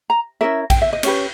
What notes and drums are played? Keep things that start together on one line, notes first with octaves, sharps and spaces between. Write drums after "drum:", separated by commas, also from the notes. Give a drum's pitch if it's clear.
A#5
C#4 E4 G4 A#4 E5
G5, drum: kick A#1, cymbal
E5
D#5
C#4 G4 B4 C#5, drum: cymbal